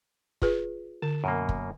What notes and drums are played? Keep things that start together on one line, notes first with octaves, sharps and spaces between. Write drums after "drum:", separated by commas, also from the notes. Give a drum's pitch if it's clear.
F4 G#4 B4, drum: kick
D3 A5
F#2 B2 A#3
drum: kick